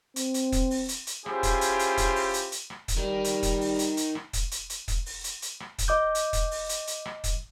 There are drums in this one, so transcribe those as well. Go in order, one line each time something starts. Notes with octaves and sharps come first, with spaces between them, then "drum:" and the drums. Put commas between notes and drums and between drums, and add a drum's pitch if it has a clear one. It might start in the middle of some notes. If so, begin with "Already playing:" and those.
C4, drum: hi-hat
drum: hi-hat
drum: kick, hi-hat
drum: open hi-hat
drum: hi-hat
drum: hi-hat
C#4 E4 F4 G4 G#4 C5, drum: rim click
drum: kick, hi-hat
drum: hi-hat
drum: hi-hat
drum: kick, hi-hat
drum: open hi-hat
drum: hi-hat
drum: hi-hat
drum: rim click
drum: kick, hi-hat
D#3 G3
drum: hi-hat
drum: kick, hi-hat
drum: open hi-hat
drum: hi-hat
drum: hi-hat
drum: rim click
drum: kick, hi-hat
drum: hi-hat
drum: hi-hat
drum: kick, hi-hat
drum: open hi-hat
drum: hi-hat
drum: hi-hat
drum: rim click
drum: kick, hi-hat
D#5 D6 G6
drum: hi-hat
drum: kick, hi-hat
drum: open hi-hat
drum: hi-hat
drum: hi-hat
drum: rim click
drum: kick, hi-hat